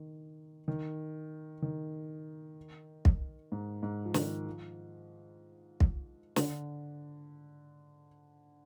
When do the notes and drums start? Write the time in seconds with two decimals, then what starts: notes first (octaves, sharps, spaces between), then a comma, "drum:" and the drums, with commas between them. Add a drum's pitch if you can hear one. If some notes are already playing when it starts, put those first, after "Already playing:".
Already playing: D#3
0.68 D#3
1.62 D#3
3.05 drum: kick
3.52 G#2
3.83 G#2
4.05 F3
4.14 D#3, drum: snare
4.47 F3
5.80 drum: kick
6.36 D3, drum: snare